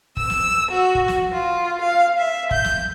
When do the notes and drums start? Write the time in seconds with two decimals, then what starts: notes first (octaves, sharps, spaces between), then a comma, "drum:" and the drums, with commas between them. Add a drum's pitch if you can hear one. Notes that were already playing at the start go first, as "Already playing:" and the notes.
0.17 E6, drum: kick
0.30 drum: snare
0.70 F#4
0.95 drum: kick
1.08 drum: snare
1.31 F4
1.81 F5
2.16 E5
2.51 G6, drum: kick
2.64 drum: snare